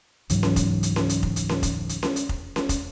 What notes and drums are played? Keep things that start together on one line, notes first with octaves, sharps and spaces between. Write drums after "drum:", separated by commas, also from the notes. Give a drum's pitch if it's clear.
C#2 G#2 E3 F#3, drum: hi-hat
drum: snare C#4
drum: kick, hi-hat
drum: hi-hat
drum: snare C#4
drum: hi-hat
drum: kick
drum: hi-hat
drum: snare C#4
drum: kick, hi-hat
drum: hi-hat
drum: snare C#4
drum: hi-hat
drum: kick
drum: snare C#4
drum: kick, hi-hat